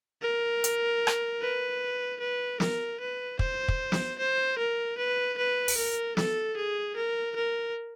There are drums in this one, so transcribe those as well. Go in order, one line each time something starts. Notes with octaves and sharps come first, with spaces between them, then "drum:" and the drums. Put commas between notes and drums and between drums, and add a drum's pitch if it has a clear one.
A#4
drum: hi-hat
drum: rim click
B4
B4
A#4, drum: snare
B4
C5, drum: kick
drum: kick
drum: snare
C5
A#4
B4
B4
drum: open hi-hat
A#4
A4, drum: snare
G#4
A#4
A#4